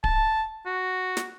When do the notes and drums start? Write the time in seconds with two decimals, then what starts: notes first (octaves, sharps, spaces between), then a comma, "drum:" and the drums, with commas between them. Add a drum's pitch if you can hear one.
0.04 A5, drum: kick D1
0.66 F#4
1.17 drum: snare